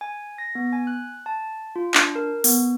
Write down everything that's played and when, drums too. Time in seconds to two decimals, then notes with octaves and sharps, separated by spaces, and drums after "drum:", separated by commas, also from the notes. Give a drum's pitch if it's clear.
0.01 G#5
0.38 A#6
0.55 B3
0.73 G#5
0.87 F#6
1.26 A5
1.76 F4
1.94 D4, drum: clap
2.15 A#4
2.44 B3, drum: open hi-hat